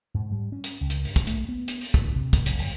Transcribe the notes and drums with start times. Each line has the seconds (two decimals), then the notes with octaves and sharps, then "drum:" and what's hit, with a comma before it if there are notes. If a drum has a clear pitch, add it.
0.14 G#2
0.32 G3
0.52 C#4
0.64 drum: hi-hat
0.81 C#2
0.90 drum: hi-hat
1.05 G2, drum: open hi-hat
1.16 drum: kick, hi-hat
1.27 A3, drum: hi-hat
1.49 B3
1.68 drum: hi-hat
1.81 drum: open hi-hat
1.94 D2, drum: kick, hi-hat
2.16 C3
2.33 drum: kick, hi-hat
2.46 F1, drum: hi-hat
2.59 F1, drum: open hi-hat